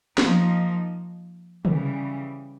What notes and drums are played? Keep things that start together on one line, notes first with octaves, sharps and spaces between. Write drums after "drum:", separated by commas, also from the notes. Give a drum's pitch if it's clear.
F3 A#3 D#4, drum: snare
C#3 E3 G3, drum: tom